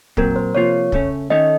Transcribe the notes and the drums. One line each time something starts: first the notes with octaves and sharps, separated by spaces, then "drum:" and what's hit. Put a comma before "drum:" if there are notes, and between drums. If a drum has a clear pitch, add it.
A#2 F#3 C4 A#4, drum: kick
C5
C3 F3 A#3 F4 C#5
C#3 A3 C#4, drum: kick
D#3 A3 C#4 A4 C#5 D#5